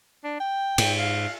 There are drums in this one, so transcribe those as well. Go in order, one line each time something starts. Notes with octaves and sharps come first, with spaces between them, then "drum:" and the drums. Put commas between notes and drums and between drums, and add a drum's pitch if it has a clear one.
D4
G5
G#2, drum: cymbal
F5